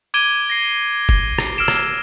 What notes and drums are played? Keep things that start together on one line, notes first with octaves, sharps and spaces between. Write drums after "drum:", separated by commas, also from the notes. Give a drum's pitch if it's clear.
D6 G#6 D7 D#7 G7
A#6 C7
drum: kick F1
drum: rim click
E6 F6 C7 D7 E7
drum: rim click